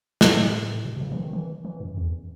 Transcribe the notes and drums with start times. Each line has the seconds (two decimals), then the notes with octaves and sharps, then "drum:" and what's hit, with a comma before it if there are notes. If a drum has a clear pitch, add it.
0.21 B2, drum: snare
0.37 A2
0.84 B2
0.96 B2
1.01 C#3
1.12 E3
1.17 D#3
1.33 E3
1.65 E3
1.80 F#2
1.97 E2